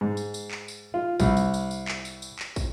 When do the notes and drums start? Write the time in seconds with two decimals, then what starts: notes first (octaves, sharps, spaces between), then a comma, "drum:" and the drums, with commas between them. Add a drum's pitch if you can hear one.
0.01 G#2
0.17 drum: tambourine
0.34 drum: tambourine
0.51 drum: clap
0.68 drum: tambourine
0.94 F4
1.20 C2, drum: kick, tambourine
1.37 drum: tambourine
1.54 drum: tambourine
1.71 drum: tambourine
1.88 drum: clap
2.05 drum: tambourine
2.22 drum: tambourine
2.39 drum: clap
2.56 drum: kick, tambourine